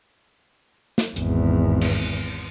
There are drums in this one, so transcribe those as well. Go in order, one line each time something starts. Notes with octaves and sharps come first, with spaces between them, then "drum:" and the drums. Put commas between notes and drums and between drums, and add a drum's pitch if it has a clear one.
drum: snare
G#1 E2, drum: hi-hat
drum: cymbal